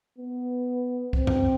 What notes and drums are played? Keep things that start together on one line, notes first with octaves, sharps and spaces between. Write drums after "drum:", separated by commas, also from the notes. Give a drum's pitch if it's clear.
B3
C4, drum: kick C#2
drum: tom F#2